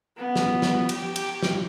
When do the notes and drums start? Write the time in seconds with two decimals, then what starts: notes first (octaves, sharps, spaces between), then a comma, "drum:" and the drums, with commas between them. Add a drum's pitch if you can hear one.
0.17 B3
0.36 drum: snare
0.62 drum: snare
0.89 G4, drum: cymbal
1.16 drum: cymbal
1.42 drum: snare